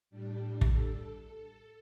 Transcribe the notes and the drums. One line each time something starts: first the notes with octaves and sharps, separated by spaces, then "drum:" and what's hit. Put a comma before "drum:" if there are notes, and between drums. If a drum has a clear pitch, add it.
A2 G3 D4 G4
A4, drum: kick
A4